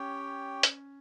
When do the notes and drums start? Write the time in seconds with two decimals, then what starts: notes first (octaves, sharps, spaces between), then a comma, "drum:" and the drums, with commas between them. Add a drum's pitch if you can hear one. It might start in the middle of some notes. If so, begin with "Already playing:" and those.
Already playing: C#4 G4 C#5 G5
0.63 drum: hi-hat